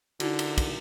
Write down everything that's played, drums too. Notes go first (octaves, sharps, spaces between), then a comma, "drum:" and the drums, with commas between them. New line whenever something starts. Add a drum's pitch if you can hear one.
D3 D#4 E4 F#4, drum: cymbal
drum: cymbal
drum: kick, cymbal